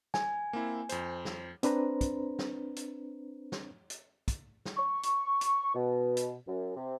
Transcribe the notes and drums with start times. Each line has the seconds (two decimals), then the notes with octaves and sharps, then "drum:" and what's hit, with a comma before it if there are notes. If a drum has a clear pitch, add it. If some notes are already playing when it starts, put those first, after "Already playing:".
0.14 G#5, drum: snare
0.53 A#3 C4 E4
0.89 F2 C5, drum: hi-hat
1.25 drum: snare
1.63 C4 D4 B4 C5 A#5, drum: hi-hat
2.01 drum: kick, hi-hat
2.39 drum: snare
2.76 drum: hi-hat
3.52 drum: snare
3.90 drum: hi-hat
4.28 drum: kick, hi-hat
4.65 drum: snare
4.77 C#6
5.03 drum: hi-hat
5.41 drum: hi-hat
5.75 B2
6.17 drum: hi-hat
6.47 F#2
6.76 C3